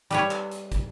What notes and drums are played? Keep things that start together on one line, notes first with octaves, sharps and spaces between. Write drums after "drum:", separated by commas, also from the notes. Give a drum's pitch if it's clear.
G3 B4 C#5, drum: hi-hat
drum: clap
drum: hi-hat
drum: kick, hi-hat